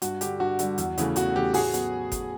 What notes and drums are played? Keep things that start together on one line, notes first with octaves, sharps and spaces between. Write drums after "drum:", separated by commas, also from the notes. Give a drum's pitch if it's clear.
G2 F#4, drum: hi-hat
D3 G3 G4, drum: hi-hat
G2 F#4
D3 G3, drum: hi-hat
E2, drum: hi-hat
C#3 E3 A3, drum: hi-hat
E2 F#4, drum: hi-hat
C#3 E3 A3 G4
A2 F#4 G#4, drum: open hi-hat
F#3 B3, drum: hi-hat
drum: kick G1, hi-hat